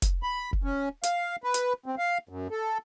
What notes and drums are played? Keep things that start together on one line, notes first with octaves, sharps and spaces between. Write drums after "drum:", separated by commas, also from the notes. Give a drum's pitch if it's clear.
drum: kick, hi-hat
B5
drum: kick
C#4
F5, drum: hi-hat
B4
drum: hi-hat
C4
F5
F#2
A4